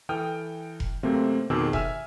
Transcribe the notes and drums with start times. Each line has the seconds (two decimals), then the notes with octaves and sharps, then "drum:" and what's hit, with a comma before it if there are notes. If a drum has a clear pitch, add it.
0.09 E3 A4 G5 D#6 F6 G6
0.80 drum: kick F1
1.03 F#2 C3 A3 A#3 C4
1.50 F2 B2 D#3 G#4 D6 E6
1.73 E5 G#5 E6 F6, drum: kick F1